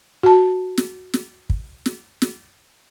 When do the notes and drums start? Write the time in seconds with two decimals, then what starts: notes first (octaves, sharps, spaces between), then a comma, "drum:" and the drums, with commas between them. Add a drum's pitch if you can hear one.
0.23 F#4 A5
0.78 drum: snare
1.14 drum: snare
1.50 drum: kick
1.86 drum: snare
2.22 drum: snare